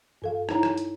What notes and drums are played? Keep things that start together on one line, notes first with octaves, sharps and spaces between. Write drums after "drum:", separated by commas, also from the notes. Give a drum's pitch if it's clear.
G2 A4 F5
D#4 E4 C#5 A#5, drum: rim click
drum: rim click
drum: hi-hat